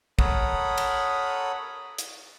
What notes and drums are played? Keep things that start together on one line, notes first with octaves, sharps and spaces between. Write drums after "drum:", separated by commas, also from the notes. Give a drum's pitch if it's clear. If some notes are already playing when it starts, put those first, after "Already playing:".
A4 A#4 C#5 F#5 B5 D#6, drum: kick
drum: cymbal
drum: hi-hat